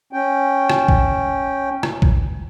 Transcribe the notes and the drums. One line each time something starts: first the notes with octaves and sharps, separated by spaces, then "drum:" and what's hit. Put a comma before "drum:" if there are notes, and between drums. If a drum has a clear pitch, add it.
C#4 G5
drum: rim click
drum: kick
drum: rim click
drum: kick